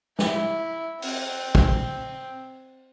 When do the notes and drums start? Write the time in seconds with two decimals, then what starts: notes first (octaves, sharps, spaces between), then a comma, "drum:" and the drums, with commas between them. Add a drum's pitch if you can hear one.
0.19 E4, drum: snare
1.02 C4, drum: open hi-hat
1.55 drum: kick